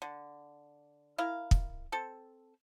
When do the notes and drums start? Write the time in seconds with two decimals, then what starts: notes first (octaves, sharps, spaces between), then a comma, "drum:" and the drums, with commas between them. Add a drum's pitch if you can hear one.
0.02 D3
1.18 E4 A#4 F5
1.51 drum: kick
1.92 C4 A4